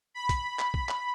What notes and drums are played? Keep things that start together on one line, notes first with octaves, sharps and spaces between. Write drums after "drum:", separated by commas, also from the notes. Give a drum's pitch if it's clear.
B5
drum: kick, hi-hat
drum: clap
drum: kick
drum: clap